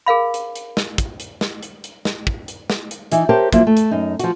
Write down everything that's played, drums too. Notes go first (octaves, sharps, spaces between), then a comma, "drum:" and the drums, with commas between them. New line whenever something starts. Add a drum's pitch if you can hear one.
G#4 A#4 F5 B5
drum: hi-hat
drum: hi-hat
drum: snare
drum: kick, hi-hat
drum: hi-hat
drum: snare
drum: hi-hat
drum: hi-hat
drum: snare
drum: kick
drum: hi-hat
drum: snare
drum: hi-hat
E3 D#4, drum: hi-hat
G4 A#4 C5 C#5 G5 A5
F3 F#3 A#3 E4, drum: kick, hi-hat
A3
drum: hi-hat
F#2 D#4
F3 F#4, drum: hi-hat